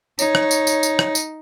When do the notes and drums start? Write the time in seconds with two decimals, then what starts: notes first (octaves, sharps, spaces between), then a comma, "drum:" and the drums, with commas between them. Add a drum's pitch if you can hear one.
0.19 D#4 C#5, drum: tambourine
0.35 drum: rim click
0.51 drum: tambourine
0.67 drum: tambourine
0.83 drum: tambourine
0.99 drum: rim click
1.15 drum: tambourine